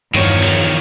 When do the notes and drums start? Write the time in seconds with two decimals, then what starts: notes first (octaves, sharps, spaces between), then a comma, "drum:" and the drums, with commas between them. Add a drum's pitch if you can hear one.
0.14 E2 G2 D#3 F3 C#5, drum: cymbal
0.42 drum: cymbal